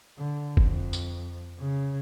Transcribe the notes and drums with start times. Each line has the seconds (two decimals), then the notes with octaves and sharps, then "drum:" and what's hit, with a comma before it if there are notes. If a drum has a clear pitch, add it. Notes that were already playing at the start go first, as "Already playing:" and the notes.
0.18 D3
0.57 F2, drum: kick
0.93 drum: tambourine
1.59 C#3